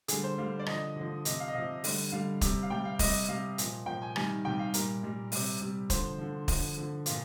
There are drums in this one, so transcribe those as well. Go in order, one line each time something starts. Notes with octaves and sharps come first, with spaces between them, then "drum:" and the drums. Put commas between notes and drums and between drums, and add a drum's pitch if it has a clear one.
D3 G3 G#4, drum: hi-hat
C5
D3 G3 F5
D5
D3 F3 D#5, drum: rim click
D3 F3
C3 F3 D#5, drum: hi-hat
F5
D#5
C3 F3 F5
D3 G3, drum: open hi-hat
D3 G3 F5
C3 G3, drum: kick, hi-hat
F5
C3 G3 G5
F5
C3 G3 D#5, drum: kick, open hi-hat
C3 G3 F5
A#2 F3, drum: hi-hat
A#2 F3 G5
G#5
C3 D#3 G3 G#5, drum: rim click
C3 D#3 G3 G5
F5
A#2 G3 A#4, drum: hi-hat
A#2 G3
C3 G3, drum: open hi-hat
C3 G3
D3 F3 C5, drum: kick, hi-hat
D3 F3
D3 F3, drum: kick, open hi-hat
D3 F3
A#2 F3 F4, drum: hi-hat